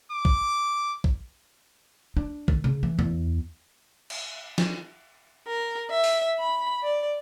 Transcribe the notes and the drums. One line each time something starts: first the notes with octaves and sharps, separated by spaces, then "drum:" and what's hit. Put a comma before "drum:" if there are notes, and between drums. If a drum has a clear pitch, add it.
D6
drum: kick
drum: kick
D4
D#3, drum: kick
C#3
E3
E2
drum: cymbal
drum: snare
A#4
E5
drum: open hi-hat
B5
D5